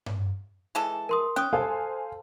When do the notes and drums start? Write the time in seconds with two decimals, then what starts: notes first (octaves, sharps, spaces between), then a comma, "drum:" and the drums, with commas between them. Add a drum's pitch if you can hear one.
0.06 drum: tom G2
0.75 E3 G#3 A4
1.09 A#4 C6 D#6
1.36 C#4 G5 D#6 F#6
1.53 A4 C5 F5 G#5